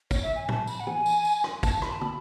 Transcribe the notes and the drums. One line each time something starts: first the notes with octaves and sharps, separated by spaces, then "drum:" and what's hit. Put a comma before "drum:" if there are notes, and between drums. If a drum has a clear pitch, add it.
C#5, drum: kick, tambourine
E5
G#5
A5, drum: tom A2
B5, drum: tambourine
F#5
G#5, drum: tom
drum: tambourine
drum: tambourine
drum: rim click
A5, drum: kick, tambourine
B5, drum: rim click
A5
B5, drum: tom